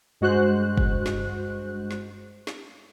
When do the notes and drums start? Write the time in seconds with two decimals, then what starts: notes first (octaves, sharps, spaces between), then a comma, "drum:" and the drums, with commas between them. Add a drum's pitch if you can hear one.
0.21 G2 G#3 F#4 C5 F#6
0.77 drum: kick
1.06 drum: snare
1.91 drum: snare
2.47 drum: snare